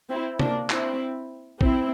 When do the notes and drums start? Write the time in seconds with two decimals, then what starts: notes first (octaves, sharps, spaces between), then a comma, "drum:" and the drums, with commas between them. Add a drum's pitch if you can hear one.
0.10 C4 E4
0.39 A#3 D4, drum: tom
0.70 C4 E4, drum: clap
1.61 C4 E4, drum: kick